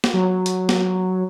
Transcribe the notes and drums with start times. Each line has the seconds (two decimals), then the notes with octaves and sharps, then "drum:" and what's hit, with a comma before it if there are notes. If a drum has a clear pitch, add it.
0.04 drum: snare
0.14 F#3
0.46 drum: hi-hat
0.69 drum: snare